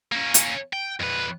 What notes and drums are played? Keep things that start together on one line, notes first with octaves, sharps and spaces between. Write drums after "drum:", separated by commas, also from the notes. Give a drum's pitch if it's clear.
A#3 C#4
drum: hi-hat
G5
F2 B4